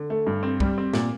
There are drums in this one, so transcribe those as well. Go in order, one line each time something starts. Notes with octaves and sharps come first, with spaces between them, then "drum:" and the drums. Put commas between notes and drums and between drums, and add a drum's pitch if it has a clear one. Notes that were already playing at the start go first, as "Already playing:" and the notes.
Already playing: D3
A3
G2
C4
G3, drum: kick
C4
A#2, drum: snare